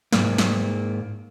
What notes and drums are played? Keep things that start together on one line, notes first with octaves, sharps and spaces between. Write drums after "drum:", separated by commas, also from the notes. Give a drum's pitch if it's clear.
G#2 A#3, drum: snare
drum: snare